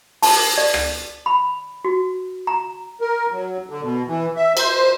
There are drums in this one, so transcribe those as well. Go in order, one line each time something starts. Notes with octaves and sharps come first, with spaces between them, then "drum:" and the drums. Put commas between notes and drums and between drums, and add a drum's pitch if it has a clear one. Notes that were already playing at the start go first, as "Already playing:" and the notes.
A5, drum: open hi-hat
D5
drum: rim click
B5
F#4
A#5
A#4
F#3
D3
B2
E3
E5
C5, drum: cymbal